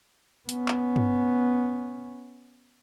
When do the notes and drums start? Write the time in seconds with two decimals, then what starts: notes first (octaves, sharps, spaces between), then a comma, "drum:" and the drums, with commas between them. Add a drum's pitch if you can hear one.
0.49 B3 C#4, drum: hi-hat
0.68 drum: clap
0.96 drum: tom G2